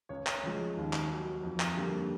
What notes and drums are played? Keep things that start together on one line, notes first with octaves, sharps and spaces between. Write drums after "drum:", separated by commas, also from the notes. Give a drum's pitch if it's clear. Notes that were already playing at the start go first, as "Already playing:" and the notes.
C#2 C#5
drum: clap
C#3 F3 G#3
D#2
drum: clap
D#3 F#3
F2
drum: clap
D3 G3 A#3